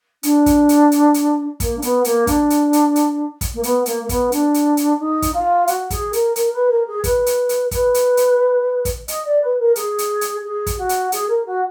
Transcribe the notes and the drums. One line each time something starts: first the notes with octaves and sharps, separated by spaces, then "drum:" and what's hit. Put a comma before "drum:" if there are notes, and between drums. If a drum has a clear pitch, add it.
D4, drum: hi-hat
drum: kick, hi-hat
drum: hi-hat
drum: hi-hat
drum: hi-hat
A#3, drum: kick, hi-hat
D4
B3, drum: hi-hat
A#3, drum: hi-hat
D4, drum: kick, hi-hat
drum: hi-hat
drum: hi-hat
drum: hi-hat
drum: kick, hi-hat
A#3
B3, drum: hi-hat
A#3, drum: hi-hat
A#3
B3, drum: kick, hi-hat
D4, drum: hi-hat
drum: hi-hat
drum: hi-hat
D#4
drum: kick, hi-hat
F4
F#4, drum: hi-hat
G#4, drum: kick, hi-hat
A#4, drum: hi-hat
A#4, drum: hi-hat
B4
A#4
G#4
B4, drum: kick, hi-hat
drum: hi-hat
drum: hi-hat
B4, drum: kick, hi-hat
drum: hi-hat
drum: hi-hat
drum: kick, hi-hat
D#5, drum: hi-hat
D5
B4
A#4
G#4, drum: hi-hat
drum: hi-hat
drum: hi-hat
G#4
drum: kick, hi-hat
F#4
drum: hi-hat
G#4, drum: hi-hat
A#4
F#4